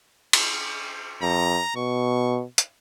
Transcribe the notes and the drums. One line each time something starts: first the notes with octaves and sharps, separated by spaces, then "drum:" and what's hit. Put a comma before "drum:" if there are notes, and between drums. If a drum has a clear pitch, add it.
drum: cymbal
F2 A#5
B2 C#6
drum: hi-hat